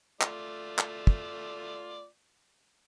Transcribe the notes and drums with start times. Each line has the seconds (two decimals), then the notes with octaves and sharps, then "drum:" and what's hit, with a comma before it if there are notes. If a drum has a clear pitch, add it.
0.21 A3 F4 D5, drum: clap
0.79 drum: clap
1.07 drum: kick